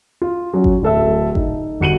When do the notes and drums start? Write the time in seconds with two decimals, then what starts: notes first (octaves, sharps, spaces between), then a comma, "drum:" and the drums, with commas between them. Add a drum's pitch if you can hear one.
0.22 F4
0.54 F#3 C#4
0.64 drum: kick G#1
0.83 D1 A4 E5
1.35 D#4, drum: kick G#1
1.80 G1 F#4 C#7 D#7 F#7